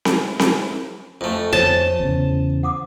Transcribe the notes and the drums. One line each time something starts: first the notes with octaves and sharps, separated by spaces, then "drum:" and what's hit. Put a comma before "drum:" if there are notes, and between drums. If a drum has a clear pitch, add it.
drum: snare C4
drum: snare C4
F2 A3 E4 G#5
F2 C5 C#5 D#5 G#5 A5
E2 C#3
F#5 D6 D#6